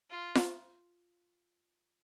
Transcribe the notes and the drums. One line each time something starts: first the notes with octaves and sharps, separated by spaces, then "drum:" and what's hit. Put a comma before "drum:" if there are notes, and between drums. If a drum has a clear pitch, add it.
F4
drum: snare F4